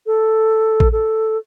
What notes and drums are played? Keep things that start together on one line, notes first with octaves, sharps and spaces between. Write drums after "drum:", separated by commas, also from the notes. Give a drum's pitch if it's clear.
A4
drum: kick A1
A4